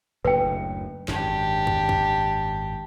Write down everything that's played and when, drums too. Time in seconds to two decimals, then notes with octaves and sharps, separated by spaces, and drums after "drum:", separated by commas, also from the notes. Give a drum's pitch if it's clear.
0.25 F#1 D2 A2 B4 G5
1.08 G#1 F#2 D4 G4, drum: snare
1.67 drum: kick
1.89 drum: kick